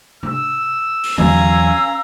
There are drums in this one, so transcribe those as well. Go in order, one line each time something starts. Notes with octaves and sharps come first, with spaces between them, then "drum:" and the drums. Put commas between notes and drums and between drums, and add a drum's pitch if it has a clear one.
E6, drum: tom C3
drum: open hi-hat
E2 F#3 C#4 F5 G#5 A#5 E6, drum: tom